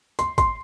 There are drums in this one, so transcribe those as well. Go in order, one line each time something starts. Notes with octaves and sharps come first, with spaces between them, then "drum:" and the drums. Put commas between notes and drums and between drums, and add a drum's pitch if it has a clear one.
C6, drum: hi-hat
C6, drum: kick G#1, hi-hat